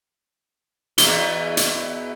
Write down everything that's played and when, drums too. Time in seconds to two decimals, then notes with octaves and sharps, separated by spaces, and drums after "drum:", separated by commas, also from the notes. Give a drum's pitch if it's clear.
0.98 E2 B2 E3 G7, drum: hi-hat
1.57 drum: hi-hat